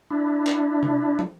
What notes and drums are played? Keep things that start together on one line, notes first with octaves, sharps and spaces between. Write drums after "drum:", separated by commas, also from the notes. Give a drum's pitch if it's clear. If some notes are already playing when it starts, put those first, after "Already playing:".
D4 E4
drum: clap
drum: tom C3
drum: tom